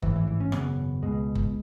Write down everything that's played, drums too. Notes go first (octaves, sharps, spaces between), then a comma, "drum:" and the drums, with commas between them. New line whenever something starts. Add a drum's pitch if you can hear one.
A1 G#2 E3, drum: kick F#1
E3
E3
C#4
G#1 F#2 C#3 B3, drum: rim click
C#2 B2 G#3
drum: kick F#1